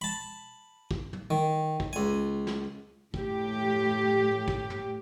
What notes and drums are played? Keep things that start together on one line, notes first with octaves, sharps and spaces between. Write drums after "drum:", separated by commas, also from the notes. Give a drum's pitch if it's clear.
A5 B5
drum: kick
drum: tom
D#3
drum: kick
C#2 G#5
drum: snare
A2 G4, drum: kick
drum: kick
drum: tom